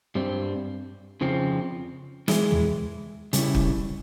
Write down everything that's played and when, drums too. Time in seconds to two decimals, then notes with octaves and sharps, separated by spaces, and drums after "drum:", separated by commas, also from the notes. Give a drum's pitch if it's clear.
0.15 G2 G3 C4
1.21 F2 C#3 F3 C4
2.28 E3 G#3 E4, drum: snare
2.51 drum: tom
3.33 C#3 G3 C#4 E4, drum: hi-hat
3.55 drum: kick